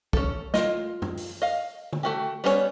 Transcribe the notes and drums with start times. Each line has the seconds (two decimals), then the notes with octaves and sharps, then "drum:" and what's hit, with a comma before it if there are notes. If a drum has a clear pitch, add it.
0.13 C#4 A4, drum: kick
0.54 F4 D#5, drum: snare
1.02 drum: tom
1.17 drum: open hi-hat
1.42 D#5 F5
1.93 drum: tom
2.03 A3 F#4 G4
2.44 G3 B3 C#4 A#4 C#5